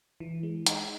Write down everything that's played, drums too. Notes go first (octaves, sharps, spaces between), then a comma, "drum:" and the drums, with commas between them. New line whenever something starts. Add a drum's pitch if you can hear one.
E3
G#3
D#4, drum: hi-hat